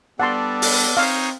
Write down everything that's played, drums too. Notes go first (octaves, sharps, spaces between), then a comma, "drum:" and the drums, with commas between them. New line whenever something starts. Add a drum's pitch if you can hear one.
G3 B3 D4 A4 D5 F#5 A5 C6
drum: open hi-hat
C4 D#4 C5 C#5 F5